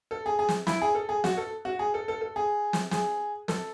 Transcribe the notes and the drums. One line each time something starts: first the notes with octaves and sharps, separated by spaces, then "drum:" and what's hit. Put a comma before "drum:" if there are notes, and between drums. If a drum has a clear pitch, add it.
A4
G#4
G#4
drum: snare
E4, drum: snare
G#4
A4
G#4
F#4, drum: snare
A4
F#4
G#4
A4
A4
A4
G#4
drum: snare
G#4, drum: snare
A4, drum: snare